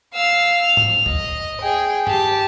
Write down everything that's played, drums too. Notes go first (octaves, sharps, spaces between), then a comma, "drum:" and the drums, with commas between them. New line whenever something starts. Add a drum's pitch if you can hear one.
F5 E6
F7
drum: tom G#2
D#5, drum: kick
G#4 G5
G4 A5, drum: tom G2